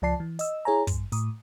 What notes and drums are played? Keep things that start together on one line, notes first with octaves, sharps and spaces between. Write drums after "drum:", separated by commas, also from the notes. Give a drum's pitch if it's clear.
C#2 F3 D5 A5 C7
E3
D#5 E6, drum: hi-hat
E4 G#4 C#5 G#5 A#5
G2, drum: kick, hi-hat
A2 D#6, drum: hi-hat